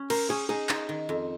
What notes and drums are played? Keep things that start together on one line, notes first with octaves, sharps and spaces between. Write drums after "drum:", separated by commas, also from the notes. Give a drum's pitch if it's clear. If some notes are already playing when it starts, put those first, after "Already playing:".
Already playing: C#4
A#4 C5, drum: cymbal
C#4 G#4
D#4 G#4
D#4, drum: clap
D#3
F2